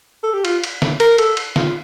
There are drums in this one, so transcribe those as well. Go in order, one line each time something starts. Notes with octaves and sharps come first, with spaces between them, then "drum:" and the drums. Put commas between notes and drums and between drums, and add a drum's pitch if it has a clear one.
A4
G4
F4, drum: cymbal
drum: cymbal
drum: snare
A#4, drum: cymbal
A4, drum: cymbal
drum: cymbal
F4, drum: snare